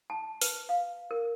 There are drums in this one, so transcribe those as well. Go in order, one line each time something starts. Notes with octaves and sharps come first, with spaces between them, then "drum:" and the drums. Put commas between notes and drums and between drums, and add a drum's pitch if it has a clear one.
A5
B4, drum: open hi-hat
F5
A#4